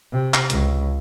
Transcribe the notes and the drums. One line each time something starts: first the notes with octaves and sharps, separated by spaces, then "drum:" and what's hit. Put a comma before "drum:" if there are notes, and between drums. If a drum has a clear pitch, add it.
C3
drum: clap
C#2, drum: hi-hat